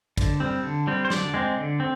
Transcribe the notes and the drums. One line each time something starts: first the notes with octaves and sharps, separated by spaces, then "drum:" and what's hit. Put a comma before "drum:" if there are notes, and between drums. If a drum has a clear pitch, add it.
D3, drum: kick, cymbal
G3 C4
D3
G3 C4
C5
D3 D5, drum: snare
G#3 C4
D3
C4